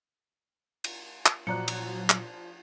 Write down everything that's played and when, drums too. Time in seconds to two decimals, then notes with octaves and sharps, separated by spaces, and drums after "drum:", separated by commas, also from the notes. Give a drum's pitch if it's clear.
0.84 drum: cymbal
1.26 drum: clap
1.47 A#2 F3 F#3 D5 A#5 F#6 C#7
1.68 drum: cymbal
2.10 drum: clap